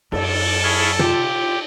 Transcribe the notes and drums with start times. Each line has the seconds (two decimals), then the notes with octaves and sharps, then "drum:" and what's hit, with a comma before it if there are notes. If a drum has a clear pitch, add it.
0.12 F#2 A4, drum: cymbal
0.63 E4 G#4 C#5 F6
0.99 F4 G4, drum: tom